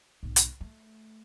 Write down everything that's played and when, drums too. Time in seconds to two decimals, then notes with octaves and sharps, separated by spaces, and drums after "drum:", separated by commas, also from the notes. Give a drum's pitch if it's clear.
0.23 B1 G#2
0.36 drum: hi-hat
0.61 A3